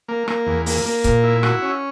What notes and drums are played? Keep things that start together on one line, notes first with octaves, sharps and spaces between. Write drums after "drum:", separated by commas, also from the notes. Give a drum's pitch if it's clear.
A#3
A#3, drum: rim click
E2
A#3, drum: open hi-hat
A#3
A#2, drum: kick C#1, hi-hat
E4
F#4, drum: rim click
C#4